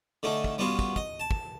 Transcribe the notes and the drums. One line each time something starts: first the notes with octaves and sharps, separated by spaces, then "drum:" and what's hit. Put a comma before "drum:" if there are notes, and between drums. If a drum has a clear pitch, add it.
D3 A3 C#4 D#4
drum: kick
G3 B3 C#4 F4 F#4
drum: kick, tambourine
D#5, drum: kick
A5
drum: kick